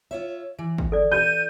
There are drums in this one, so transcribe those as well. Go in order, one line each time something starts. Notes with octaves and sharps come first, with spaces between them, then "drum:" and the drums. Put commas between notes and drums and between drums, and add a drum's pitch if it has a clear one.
F4 C#5 E5
E3
drum: kick
A4 D5
G6 D#7